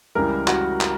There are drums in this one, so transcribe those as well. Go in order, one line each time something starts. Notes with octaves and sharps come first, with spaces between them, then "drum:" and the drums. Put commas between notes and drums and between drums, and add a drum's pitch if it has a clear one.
C#2 C#3 E3 G3 A#4
F#4, drum: clap
drum: clap